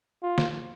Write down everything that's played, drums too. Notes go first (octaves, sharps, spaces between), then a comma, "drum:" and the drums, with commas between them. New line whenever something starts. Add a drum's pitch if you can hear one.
F4
drum: snare